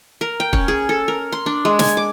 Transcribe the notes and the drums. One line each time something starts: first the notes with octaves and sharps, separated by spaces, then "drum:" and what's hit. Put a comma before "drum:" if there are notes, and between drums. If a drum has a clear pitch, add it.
A#4
G5
C#4, drum: kick
G#4
A4
A#4
C6
D4
G#3
G#5, drum: snare
D6